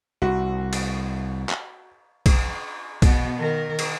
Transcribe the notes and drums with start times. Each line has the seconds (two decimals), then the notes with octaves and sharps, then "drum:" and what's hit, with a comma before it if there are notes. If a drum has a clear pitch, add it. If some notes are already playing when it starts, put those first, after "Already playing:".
0.22 C2 F#4
0.73 drum: cymbal
1.49 drum: clap
2.26 drum: kick B1, cymbal
3.02 B2 B3, drum: kick B1, cymbal
3.38 D#3 A#4
3.79 drum: cymbal